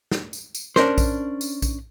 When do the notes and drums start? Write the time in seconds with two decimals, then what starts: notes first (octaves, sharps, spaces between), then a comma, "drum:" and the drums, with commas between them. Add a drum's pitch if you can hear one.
0.11 drum: snare
0.33 drum: tambourine
0.55 drum: tambourine
0.76 C#4 D4 A#4 C5, drum: snare
0.98 drum: kick A#1, tambourine
1.41 drum: tambourine
1.62 drum: kick A#1, tambourine